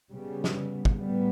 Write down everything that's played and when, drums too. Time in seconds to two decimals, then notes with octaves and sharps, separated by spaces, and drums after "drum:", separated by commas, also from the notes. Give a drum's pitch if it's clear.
0.11 C#3 G3 B3
0.44 drum: snare
0.85 drum: kick
0.99 A2 G3 B3